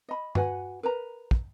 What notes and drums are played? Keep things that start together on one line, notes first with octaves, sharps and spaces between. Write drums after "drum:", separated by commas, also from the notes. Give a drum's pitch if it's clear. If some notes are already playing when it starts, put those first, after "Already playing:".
D#5 B5
F#4 B4 F#5 G#5, drum: tom G2
A#4 B4 A#5
drum: kick